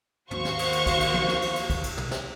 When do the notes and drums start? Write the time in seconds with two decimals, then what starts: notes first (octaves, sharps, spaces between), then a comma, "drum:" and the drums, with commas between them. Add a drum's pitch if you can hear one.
0.31 D#2 F#4 C5 F5 C#6, drum: tom
0.45 drum: snare
0.59 drum: cymbal
0.73 drum: cymbal
0.86 drum: kick, cymbal
1.00 drum: cymbal
1.14 drum: tom
1.28 drum: snare
1.42 drum: cymbal
1.56 drum: cymbal
1.70 drum: kick, cymbal
1.84 drum: cymbal
1.97 drum: tom
2.11 drum: snare